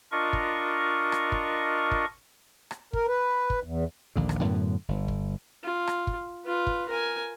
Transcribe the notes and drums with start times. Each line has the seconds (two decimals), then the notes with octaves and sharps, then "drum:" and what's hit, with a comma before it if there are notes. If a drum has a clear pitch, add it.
0.12 D4 F4 A#4 D#5 C#6
0.33 drum: kick
1.12 drum: rim click
1.32 drum: kick
1.91 drum: kick
2.71 drum: rim click
2.93 A#4, drum: kick
3.07 B4
3.50 drum: kick
3.63 E2
4.16 A#1 D#2 D3
4.29 drum: rim click
4.40 F#2 A2 D3 B3
4.88 G1
5.08 drum: kick
5.63 F4
5.87 drum: rim click
6.07 drum: kick
6.45 F4 B4
6.67 drum: kick
6.89 A#4 G#5